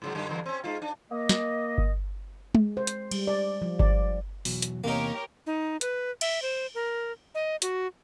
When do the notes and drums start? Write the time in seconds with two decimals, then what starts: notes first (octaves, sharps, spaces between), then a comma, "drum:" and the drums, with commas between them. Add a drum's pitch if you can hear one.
0.02 G#2 C#3 F#3
0.15 F#2 D3 G4
0.29 E2 G2 D3
0.46 C4 C#4
0.64 G#3 D#4 F4
0.82 D4
1.11 A#3 D#5
1.29 drum: snare
1.78 drum: kick G1
2.55 G#3, drum: tom G#3
2.77 C5
2.87 drum: hi-hat
3.11 G3, drum: cymbal
3.27 D5
3.62 F3
3.79 D5, drum: kick G1
4.45 E2 B2 F#3, drum: open hi-hat
4.62 drum: hi-hat
4.84 E2 C3 A#3 D#4 G4 A#4 C#5
5.46 D#4
5.81 B4, drum: hi-hat
6.21 E5, drum: cymbal
6.42 C5
6.75 A#4
7.35 D#5
7.62 F#4, drum: hi-hat